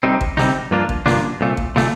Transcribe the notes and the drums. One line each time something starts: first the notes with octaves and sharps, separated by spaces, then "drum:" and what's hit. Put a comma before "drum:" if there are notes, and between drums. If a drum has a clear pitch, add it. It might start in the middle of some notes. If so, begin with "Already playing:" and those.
C2 C3 G3 C4 D#4
drum: kick
C2 C3 G3 C4 D#4, drum: snare
G2 F3 A#3 D4 F4
drum: kick
G2 F3 A#3 D4 F4, drum: snare
C2 A#2 A3
drum: kick
A#2 A3, drum: snare